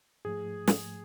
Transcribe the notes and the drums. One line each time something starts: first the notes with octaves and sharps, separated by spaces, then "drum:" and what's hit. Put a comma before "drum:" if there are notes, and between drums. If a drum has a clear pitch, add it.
G#2 F3 A3 G#4
drum: snare